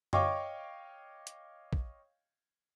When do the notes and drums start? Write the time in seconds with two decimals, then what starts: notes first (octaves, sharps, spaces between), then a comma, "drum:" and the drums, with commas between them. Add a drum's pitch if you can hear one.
0.13 C#5 D#5 F5 G5 C#6 D6, drum: tom F#2
1.27 drum: hi-hat
1.73 drum: kick